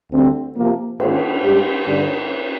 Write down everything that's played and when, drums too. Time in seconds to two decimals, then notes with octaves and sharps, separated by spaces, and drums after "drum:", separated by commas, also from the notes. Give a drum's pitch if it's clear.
0.11 D2 D3 G3 C4
0.56 C3 F3 A#3
1.00 G#2 D#3 A#3 F4 G#4, drum: cymbal
1.43 G#2 G3 D4 G4
1.87 G2 D3 G3 D4